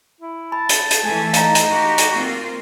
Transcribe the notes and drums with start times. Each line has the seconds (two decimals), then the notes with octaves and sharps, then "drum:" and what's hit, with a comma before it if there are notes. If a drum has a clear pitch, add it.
0.21 E4
0.52 A5 B5
0.69 drum: hi-hat
0.91 drum: hi-hat
1.04 E3 A3 G#5
1.33 D#4 F5 A#5, drum: hi-hat
1.55 drum: hi-hat
1.71 F#4 G4
1.98 drum: hi-hat
2.13 A#3 C4 F4 C#6